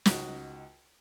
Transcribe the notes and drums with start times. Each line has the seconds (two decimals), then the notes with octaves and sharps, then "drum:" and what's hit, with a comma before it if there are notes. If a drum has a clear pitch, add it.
0.06 C#2 D#4 F#4, drum: snare